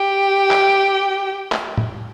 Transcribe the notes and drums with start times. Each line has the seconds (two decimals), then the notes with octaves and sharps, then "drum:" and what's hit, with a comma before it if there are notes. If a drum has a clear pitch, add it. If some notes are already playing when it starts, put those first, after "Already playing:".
Already playing: G4
0.51 drum: clap
1.52 drum: clap
1.78 drum: tom A2